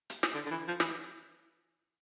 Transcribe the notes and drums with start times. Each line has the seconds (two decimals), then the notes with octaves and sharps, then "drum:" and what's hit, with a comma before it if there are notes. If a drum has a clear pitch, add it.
0.10 drum: hi-hat
0.23 drum: snare
0.34 D3
0.46 D3
0.51 E3
0.68 F3
0.80 E3, drum: snare